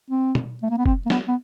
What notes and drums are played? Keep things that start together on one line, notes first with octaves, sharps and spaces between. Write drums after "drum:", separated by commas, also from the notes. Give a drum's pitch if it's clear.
C4
drum: tom
A3
A#3
B3
C4, drum: kick
A#3
B3, drum: snare
B3